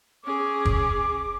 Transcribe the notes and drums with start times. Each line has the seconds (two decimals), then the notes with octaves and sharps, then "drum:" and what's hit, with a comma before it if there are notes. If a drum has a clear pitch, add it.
0.24 C#4 G#4 D6
0.65 drum: kick